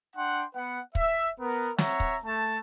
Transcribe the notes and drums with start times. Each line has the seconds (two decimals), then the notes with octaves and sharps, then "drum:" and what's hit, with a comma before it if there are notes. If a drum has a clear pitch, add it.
0.16 D4 F#5 G5 C6
0.56 B3 B4 F#5
0.95 E5, drum: kick
1.40 B3 A#4
1.78 C#5 E5 F#5 A#5, drum: snare
2.00 drum: kick
2.25 A3 A5